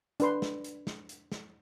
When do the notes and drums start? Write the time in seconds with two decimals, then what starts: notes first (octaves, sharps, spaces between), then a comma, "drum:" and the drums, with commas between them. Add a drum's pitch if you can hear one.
0.20 D4 B4 C6, drum: hi-hat
0.42 drum: snare
0.64 drum: hi-hat
0.87 drum: snare
1.09 drum: hi-hat
1.32 drum: snare